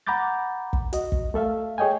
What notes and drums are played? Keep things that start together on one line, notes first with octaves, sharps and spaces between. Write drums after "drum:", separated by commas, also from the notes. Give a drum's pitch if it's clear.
F#5 A#5 B5 D6 G6 A6
drum: kick
F#4 D#5, drum: hi-hat
drum: kick
A3 A4 E5 F5
G#4 C#5 D#5 G5 G#5